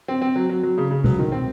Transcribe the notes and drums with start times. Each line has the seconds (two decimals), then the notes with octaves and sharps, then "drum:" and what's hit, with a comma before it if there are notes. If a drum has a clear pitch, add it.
0.08 C4
0.22 C4
0.36 F#3
0.49 F#3
0.63 F#3
0.78 C#3
0.91 C#3
1.04 F#3, drum: tom B2
1.19 D#3
1.32 C4